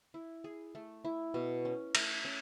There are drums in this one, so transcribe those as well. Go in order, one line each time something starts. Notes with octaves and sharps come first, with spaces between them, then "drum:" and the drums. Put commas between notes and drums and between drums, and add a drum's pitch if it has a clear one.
E4
G#4
A3
E4
B2
C#4
A3, drum: cymbal
C#4